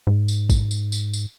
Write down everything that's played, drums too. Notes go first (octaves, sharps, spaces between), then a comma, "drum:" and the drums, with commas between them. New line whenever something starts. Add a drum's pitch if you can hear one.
G#2
drum: tambourine
drum: kick, tambourine
drum: tambourine
drum: tambourine
drum: tambourine